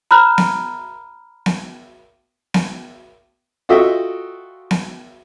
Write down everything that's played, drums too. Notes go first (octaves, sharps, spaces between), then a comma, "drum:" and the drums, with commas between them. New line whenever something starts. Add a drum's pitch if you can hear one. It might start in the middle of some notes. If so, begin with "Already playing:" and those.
A#5 B5 F6 F#6
drum: snare B3
drum: snare B3
drum: snare B3
F4 F#4 A4 D#5 E5 G5
drum: snare B3